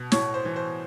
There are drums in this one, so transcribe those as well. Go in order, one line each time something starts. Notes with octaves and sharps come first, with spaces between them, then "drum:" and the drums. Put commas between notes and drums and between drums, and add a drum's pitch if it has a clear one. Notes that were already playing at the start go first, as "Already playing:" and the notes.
Already playing: B2
A2 C#5, drum: snare
C5
E3
C5